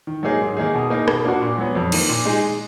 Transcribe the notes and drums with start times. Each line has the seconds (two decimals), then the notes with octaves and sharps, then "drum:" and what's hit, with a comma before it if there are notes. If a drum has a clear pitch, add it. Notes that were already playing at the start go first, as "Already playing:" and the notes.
0.07 D#3
0.23 F#3 A#3 D#4 G#4
0.41 G#2
0.57 D#3 A#3 D#4 G#4
0.74 B2
0.90 A#3 D#4 G#4
1.08 B2, drum: rim click
1.25 A#3 D4 F#4
1.41 A#2
1.58 F#3 B3
1.75 F2
1.92 D#3 A#3, drum: cymbal
2.09 A#2
2.25 G#3 D#4 G#4